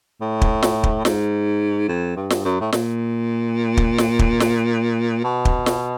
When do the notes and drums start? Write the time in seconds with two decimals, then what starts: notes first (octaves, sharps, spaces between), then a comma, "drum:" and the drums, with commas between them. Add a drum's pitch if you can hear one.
0.21 A2
0.42 drum: kick
0.63 drum: snare
0.84 drum: kick
1.05 G#2, drum: snare
1.88 F2
2.16 G2
2.30 drum: snare
2.45 F#2
2.61 A2
2.73 A#2, drum: snare
3.77 drum: kick
3.98 drum: snare
4.19 drum: kick
4.40 drum: snare
5.24 B2
5.45 drum: kick
5.66 drum: snare